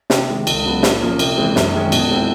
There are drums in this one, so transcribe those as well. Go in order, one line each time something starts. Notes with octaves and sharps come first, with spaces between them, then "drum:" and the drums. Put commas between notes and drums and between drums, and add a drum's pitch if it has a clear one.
C3, drum: snare
D#3 G#3
C#2, drum: cymbal
C#3 F#3 B3
A#2, drum: snare
F3 A#3 C#4
C3, drum: cymbal
E3 G#3 C4
F#2, drum: snare
D#3 G#3 C#4
B2, drum: cymbal
G#3 C4 E4